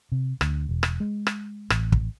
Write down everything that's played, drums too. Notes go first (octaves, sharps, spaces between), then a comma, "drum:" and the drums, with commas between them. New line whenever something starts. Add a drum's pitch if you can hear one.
C3
D2, drum: rim click
E1
drum: rim click
G#3
drum: rim click
A1, drum: rim click
drum: kick